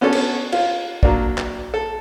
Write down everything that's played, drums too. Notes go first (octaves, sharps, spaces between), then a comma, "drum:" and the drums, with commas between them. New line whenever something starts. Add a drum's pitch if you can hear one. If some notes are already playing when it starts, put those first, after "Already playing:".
B3 C#4 D4 F#4 A4 C#5
drum: cymbal
F4, drum: cymbal
F#3 A#3 D4, drum: kick
drum: clap
A4